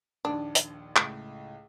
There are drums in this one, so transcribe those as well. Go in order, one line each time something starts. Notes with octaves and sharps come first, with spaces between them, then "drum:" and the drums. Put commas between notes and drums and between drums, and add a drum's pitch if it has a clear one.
A#1 D#2 D4
drum: hi-hat
C#2 A2, drum: clap